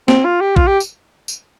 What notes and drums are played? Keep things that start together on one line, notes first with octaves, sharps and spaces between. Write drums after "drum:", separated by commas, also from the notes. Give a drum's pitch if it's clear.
C4, drum: snare
F4
G4
F4, drum: kick A#1
G4
drum: tambourine
drum: tambourine